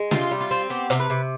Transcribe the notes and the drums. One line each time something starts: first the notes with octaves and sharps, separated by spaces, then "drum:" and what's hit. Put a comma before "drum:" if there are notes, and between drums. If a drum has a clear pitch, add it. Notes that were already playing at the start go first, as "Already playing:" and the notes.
Already playing: G#3
C3 F4, drum: snare
G3
F4
C4
B3 G4
C3, drum: hi-hat
B4
C3